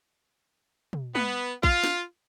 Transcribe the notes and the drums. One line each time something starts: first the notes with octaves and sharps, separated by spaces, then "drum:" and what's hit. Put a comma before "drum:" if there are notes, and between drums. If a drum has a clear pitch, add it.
drum: tom
B3, drum: tom
F4, drum: kick
drum: snare